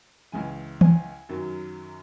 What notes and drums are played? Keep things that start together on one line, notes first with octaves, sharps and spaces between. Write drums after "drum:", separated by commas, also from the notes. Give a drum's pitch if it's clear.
C#2 C#3 E3 G#5
G#5, drum: tom E3
F#2 D#3 F#3